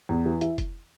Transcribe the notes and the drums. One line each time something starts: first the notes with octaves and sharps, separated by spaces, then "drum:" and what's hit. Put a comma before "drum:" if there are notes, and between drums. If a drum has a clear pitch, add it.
E2
E3
E4, drum: hi-hat
drum: kick F1, hi-hat